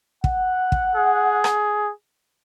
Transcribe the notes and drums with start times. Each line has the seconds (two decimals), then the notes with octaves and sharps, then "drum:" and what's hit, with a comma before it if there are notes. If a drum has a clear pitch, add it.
0.24 F#5, drum: kick
0.72 drum: kick
0.96 G#4
1.44 drum: rim click